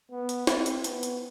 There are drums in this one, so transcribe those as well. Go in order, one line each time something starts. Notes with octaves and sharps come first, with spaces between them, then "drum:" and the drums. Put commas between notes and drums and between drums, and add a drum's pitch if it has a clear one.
B3
drum: hi-hat
C4, drum: snare
drum: hi-hat
B3, drum: hi-hat
drum: hi-hat